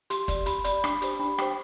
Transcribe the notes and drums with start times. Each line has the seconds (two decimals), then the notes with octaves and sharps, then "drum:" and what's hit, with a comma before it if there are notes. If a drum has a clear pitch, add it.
0.10 G4 C6, drum: hi-hat
0.28 D5, drum: kick, hi-hat
0.46 G4 B5, drum: hi-hat
0.64 D5 B5, drum: hi-hat
0.84 D4, drum: rim click
1.02 G4 C5, drum: hi-hat
1.19 D4 B5
1.38 G4 C5 G5, drum: rim click